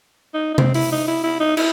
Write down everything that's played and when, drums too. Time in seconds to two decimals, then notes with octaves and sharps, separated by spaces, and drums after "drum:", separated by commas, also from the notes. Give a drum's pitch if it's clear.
0.34 D#4
0.54 D#4
0.58 C4, drum: tom C3
0.74 E4, drum: open hi-hat
0.92 D#4
1.08 E4
1.24 E4
1.40 D#4
1.57 E4, drum: cymbal